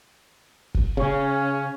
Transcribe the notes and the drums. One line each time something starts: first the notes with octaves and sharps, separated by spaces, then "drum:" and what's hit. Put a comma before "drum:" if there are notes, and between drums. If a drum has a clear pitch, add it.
drum: kick
C#3 C#4